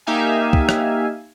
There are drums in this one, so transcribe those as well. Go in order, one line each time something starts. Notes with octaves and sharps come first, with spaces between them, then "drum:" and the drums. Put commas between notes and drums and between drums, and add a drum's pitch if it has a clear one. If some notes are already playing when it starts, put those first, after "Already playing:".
A#3 D#4 G4 E5 F5 G#5
drum: kick
drum: rim click